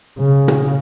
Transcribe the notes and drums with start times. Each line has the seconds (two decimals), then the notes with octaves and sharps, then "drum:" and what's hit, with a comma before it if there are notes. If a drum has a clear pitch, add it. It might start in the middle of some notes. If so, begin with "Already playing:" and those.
0.20 C#3
0.48 drum: tom A#2